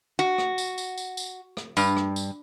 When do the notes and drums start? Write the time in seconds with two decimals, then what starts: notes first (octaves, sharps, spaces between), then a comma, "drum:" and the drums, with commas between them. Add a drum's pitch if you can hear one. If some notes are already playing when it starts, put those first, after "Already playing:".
0.19 F#4
0.38 drum: rim click
0.58 drum: tambourine
0.78 drum: tambourine
0.98 drum: tambourine
1.17 drum: tambourine
1.57 drum: rim click
1.77 G2, drum: tambourine
1.96 drum: rim click
2.16 drum: tambourine